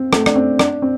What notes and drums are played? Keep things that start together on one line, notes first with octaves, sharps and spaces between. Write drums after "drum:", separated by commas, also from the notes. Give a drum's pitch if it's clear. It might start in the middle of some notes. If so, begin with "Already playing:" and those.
Already playing: C4
A3, drum: rim click
D4, drum: rim click
C4
D4, drum: rim click
C4